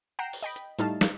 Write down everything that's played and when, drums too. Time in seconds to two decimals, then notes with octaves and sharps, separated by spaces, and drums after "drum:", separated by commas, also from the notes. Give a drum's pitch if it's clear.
0.19 F#5 G5 A#5 C7 E7
0.33 drum: open hi-hat
0.42 D#5 G5 B5
0.56 drum: hi-hat
0.79 A2 G3 A3 D#4 F5 A5, drum: hi-hat
1.01 drum: snare